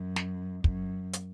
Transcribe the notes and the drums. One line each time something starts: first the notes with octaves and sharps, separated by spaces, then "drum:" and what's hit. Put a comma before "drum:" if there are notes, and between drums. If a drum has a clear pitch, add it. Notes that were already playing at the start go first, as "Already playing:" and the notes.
Already playing: F#2
drum: snare
F#2, drum: kick
drum: hi-hat